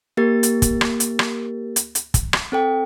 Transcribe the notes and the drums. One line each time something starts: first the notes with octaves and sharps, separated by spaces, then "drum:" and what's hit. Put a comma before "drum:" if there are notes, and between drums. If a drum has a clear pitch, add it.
A#3 G4 A#4 A6
drum: hi-hat
drum: kick, hi-hat
drum: rim click
drum: hi-hat
drum: rim click
drum: hi-hat
drum: hi-hat
drum: kick, hi-hat
drum: rim click
C4 A4 G5